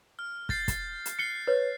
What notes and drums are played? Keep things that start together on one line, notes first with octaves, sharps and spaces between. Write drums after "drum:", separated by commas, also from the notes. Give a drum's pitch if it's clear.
F6
G6 A6 C7, drum: kick
drum: kick, hi-hat
drum: hi-hat
F#6 C7 C#7 G7
B4 C#5